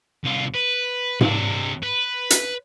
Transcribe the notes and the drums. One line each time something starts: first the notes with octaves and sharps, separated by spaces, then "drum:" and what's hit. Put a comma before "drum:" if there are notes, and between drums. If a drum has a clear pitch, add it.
C2 F4
B4
C3 D4, drum: tom G#2
B4
drum: hi-hat